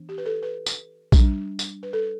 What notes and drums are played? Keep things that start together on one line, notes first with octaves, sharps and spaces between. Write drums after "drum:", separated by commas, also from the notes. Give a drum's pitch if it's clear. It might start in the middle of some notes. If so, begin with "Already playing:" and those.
Already playing: E3 B3 D4
G4
B4
A4
B4
drum: tambourine
G3 D4, drum: kick A#1, tambourine
drum: tambourine
B4
A4